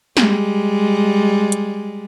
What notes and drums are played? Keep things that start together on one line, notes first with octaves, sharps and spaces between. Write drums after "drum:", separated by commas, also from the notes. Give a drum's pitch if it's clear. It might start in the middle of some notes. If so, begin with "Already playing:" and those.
G3 G#3, drum: snare
drum: hi-hat